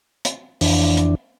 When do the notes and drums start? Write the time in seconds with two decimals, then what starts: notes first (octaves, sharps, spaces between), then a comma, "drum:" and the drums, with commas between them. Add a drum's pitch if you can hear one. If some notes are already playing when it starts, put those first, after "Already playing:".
0.25 drum: hi-hat
0.61 F2 E3 D4, drum: open hi-hat
0.97 drum: hi-hat